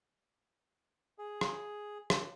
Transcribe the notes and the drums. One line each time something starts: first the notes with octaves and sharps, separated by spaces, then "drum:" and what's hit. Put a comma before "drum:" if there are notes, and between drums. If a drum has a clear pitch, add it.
G#4
drum: rim click
drum: rim click